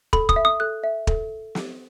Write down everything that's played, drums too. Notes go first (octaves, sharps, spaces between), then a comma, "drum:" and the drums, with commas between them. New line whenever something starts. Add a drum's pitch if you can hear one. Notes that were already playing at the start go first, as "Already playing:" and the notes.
A4 B5, drum: kick
D#6, drum: kick
E5
D#6
A4 F#6
E5
A4, drum: kick
drum: snare